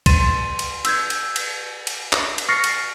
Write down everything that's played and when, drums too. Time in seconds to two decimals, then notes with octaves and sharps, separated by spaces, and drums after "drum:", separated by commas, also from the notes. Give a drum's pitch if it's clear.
0.06 C6 A6 D#7 E7, drum: kick, cymbal
0.59 drum: cymbal
0.85 E6 G6 G#6, drum: cymbal
1.10 drum: cymbal
1.36 drum: cymbal
1.87 drum: cymbal
2.13 drum: clap
2.38 drum: cymbal
2.48 C#6 F6 A6 A#6 C7 C#7
2.64 drum: cymbal